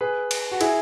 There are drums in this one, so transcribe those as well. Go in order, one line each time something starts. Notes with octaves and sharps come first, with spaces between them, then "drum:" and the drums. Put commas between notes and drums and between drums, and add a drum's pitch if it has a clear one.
G#4 B4
drum: cymbal
F#4
E4 G#4, drum: cymbal